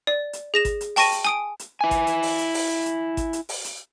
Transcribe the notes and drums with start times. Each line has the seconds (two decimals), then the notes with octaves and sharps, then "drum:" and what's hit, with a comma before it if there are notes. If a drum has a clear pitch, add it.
0.07 D5
0.33 drum: hi-hat
0.54 G#4 A#6 E7
0.65 drum: kick G#1, hi-hat
0.81 drum: hi-hat
0.96 G5 A5 C#6 A#6 D#7, drum: open hi-hat
1.12 drum: hi-hat
1.25 G#5 D#6 D7
1.59 drum: hi-hat
1.81 E4 G#5
1.91 drum: kick G#1, hi-hat
2.07 drum: hi-hat
2.23 drum: open hi-hat
2.38 drum: hi-hat
2.54 drum: open hi-hat
2.86 drum: hi-hat
3.17 drum: kick G#1, hi-hat
3.33 drum: hi-hat
3.49 drum: open hi-hat
3.64 drum: hi-hat